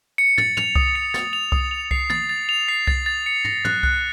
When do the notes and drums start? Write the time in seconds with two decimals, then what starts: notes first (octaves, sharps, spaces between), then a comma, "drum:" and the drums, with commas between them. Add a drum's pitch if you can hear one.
0.18 C#7
0.38 A6, drum: tom
0.57 F7, drum: tom
0.76 D#6, drum: kick C2
0.95 C#7
1.14 A6, drum: snare
1.33 F7
1.52 D#6, drum: kick C2
1.71 F7
1.91 C7, drum: kick C2
2.10 A6, drum: tom
2.29 A6
2.49 F7
2.68 C7
2.87 A6, drum: kick C2
3.06 A6
3.26 C#7
3.45 A#6, drum: tom
3.65 F#6, drum: tom
3.83 F#6, drum: kick C2